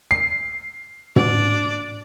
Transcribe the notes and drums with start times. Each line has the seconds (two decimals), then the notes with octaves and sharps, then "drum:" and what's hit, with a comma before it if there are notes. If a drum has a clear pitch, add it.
0.11 C7
1.16 D4 D5, drum: tom